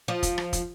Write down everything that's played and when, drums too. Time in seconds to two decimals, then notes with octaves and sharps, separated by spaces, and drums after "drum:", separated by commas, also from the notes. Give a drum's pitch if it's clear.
0.08 F3
0.23 drum: kick, hi-hat
0.38 drum: rim click
0.53 drum: kick, hi-hat